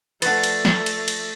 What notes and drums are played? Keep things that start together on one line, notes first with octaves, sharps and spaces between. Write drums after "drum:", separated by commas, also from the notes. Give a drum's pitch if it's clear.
F3 A3 D4 B4 F#5 A6, drum: cymbal
drum: cymbal
drum: snare
drum: cymbal
drum: cymbal